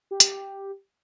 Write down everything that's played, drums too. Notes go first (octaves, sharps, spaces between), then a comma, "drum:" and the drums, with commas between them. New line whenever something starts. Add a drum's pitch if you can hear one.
G4
drum: hi-hat